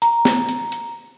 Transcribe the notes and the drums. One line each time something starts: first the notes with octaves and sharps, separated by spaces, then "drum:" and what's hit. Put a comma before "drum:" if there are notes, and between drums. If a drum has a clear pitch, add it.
A#5, drum: hi-hat
drum: snare
drum: hi-hat
drum: hi-hat